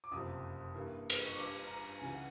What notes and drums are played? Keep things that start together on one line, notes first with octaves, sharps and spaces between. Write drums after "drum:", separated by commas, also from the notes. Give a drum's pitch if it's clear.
D6
F#1 F2 C3 F3 D#6
G2 E3 G3 A#3
drum: cymbal
C#6
G1 G2 D3 G3 D6
A#5
C#2 C#3 E3 G#5
F#5